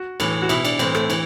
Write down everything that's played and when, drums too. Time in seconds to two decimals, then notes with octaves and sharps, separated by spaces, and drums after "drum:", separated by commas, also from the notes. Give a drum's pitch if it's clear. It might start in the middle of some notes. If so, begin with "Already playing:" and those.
Already playing: F#4
0.20 A2 E3, drum: cymbal
0.42 F#4
0.49 B2 E4, drum: cymbal
0.65 D4, drum: cymbal
0.79 A2 E3 C4, drum: cymbal
0.95 A3, drum: rim click
1.10 E3, drum: cymbal